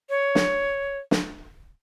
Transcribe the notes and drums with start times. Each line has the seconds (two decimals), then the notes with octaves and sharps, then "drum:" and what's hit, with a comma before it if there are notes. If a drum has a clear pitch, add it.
0.10 C#5
0.35 drum: snare
1.11 drum: snare